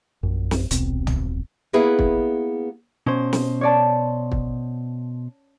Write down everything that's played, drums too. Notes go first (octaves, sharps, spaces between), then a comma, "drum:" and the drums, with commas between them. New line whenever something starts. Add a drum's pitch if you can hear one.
A#1 F#2
drum: snare
D#1 B1 B2 C4, drum: hi-hat
drum: tom
A#3 B3 E4 G#4 B4
drum: kick
B2 C#4 C5
drum: snare
C#5 D5 A5
drum: kick